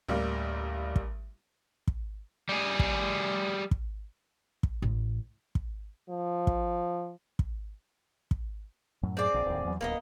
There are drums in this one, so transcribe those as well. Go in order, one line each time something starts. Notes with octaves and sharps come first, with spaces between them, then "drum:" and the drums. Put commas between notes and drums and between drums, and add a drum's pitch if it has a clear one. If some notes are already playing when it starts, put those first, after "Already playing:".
A1 D2 G3 A#3
drum: kick
drum: kick
G3 G#4
drum: kick
drum: kick
drum: kick
A1
drum: kick
F3
drum: kick
drum: kick
drum: kick
F#2 A2 F#3
C4 G#4 D5
A#1
D1 D#2
E2 F#3
D1 A#3 B3 D#5